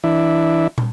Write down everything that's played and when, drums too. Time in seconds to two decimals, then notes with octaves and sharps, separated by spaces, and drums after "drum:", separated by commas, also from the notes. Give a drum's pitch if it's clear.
0.04 E3 D4 E4
0.78 drum: tom